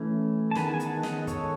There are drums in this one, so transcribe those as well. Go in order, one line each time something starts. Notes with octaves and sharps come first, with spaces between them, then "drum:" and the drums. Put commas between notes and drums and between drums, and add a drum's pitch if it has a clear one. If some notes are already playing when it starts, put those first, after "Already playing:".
Already playing: E3 A3 C#4
A5
D#3 G#3 B3 G#5 B5, drum: snare
G#5
F#5 A5, drum: hi-hat
D#5 F#5, drum: snare
A4 C#5, drum: kick, hi-hat